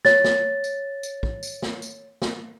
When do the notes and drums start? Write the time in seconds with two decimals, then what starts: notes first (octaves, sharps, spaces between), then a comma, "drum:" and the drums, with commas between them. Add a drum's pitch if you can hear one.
0.05 C#5 A6, drum: snare
0.24 drum: snare
0.64 drum: tambourine
1.03 drum: tambourine
1.23 drum: kick
1.43 drum: tambourine
1.62 drum: snare
1.82 drum: tambourine
2.22 drum: snare